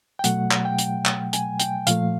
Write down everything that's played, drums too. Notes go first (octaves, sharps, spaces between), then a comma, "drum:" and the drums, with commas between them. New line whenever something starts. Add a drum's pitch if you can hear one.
G5
B2 F#3 A3 F#5, drum: hi-hat
drum: clap
G5
drum: hi-hat
drum: clap
G#5, drum: hi-hat
G5, drum: hi-hat
A#2 F3 A3 F5, drum: hi-hat